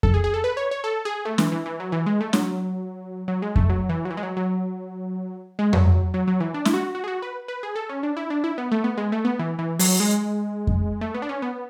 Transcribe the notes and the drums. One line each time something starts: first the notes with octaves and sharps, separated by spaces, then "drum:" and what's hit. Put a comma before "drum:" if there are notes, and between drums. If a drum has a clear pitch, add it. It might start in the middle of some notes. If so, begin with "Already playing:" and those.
A4, drum: kick F2
G#4
G#4
A4
B4
C#5
C#5
A4
G#4
A3
E3, drum: snare
E3
E3
F#3
E3
G#3
A3
F#3, drum: snare
F#3
G#3
A3, drum: kick F2
F#3
E3
F#3
E3
G#3
F#3
F#3
G#3
F#3, drum: tom F2
F#3
F#3
E3
D4
E4, drum: snare
F#4
F#4
G#4
F#4
B4
B4
G#4
A4
C#4
D4
E4
D4
E4
B3
A3
B3
G#3
A3
B3
E3
E3
F#3, drum: open hi-hat
G#3
drum: kick F2
A3
B3
D4
C#4
B3